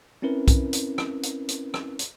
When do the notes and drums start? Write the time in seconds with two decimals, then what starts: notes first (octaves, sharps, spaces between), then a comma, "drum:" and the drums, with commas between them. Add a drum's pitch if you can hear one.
0.22 C4 C#4 E4 A#4 B4
0.48 drum: kick B1, hi-hat
0.73 drum: hi-hat
0.98 drum: rim click
1.23 drum: hi-hat
1.49 drum: hi-hat
1.74 drum: rim click
1.99 drum: hi-hat